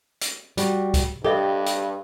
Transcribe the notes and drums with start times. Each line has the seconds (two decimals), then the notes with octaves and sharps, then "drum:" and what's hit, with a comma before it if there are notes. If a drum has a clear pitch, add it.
0.21 drum: hi-hat
0.57 G3 F#4, drum: hi-hat
0.94 drum: kick C#2, hi-hat
1.24 G2 G4 A4 D#5 E5
1.66 drum: hi-hat